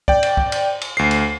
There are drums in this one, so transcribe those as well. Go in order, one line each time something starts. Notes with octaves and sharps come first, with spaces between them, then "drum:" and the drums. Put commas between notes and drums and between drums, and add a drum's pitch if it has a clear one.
D5 G5, drum: kick
drum: cymbal
drum: kick
drum: cymbal
drum: cymbal
D2 C7
drum: cymbal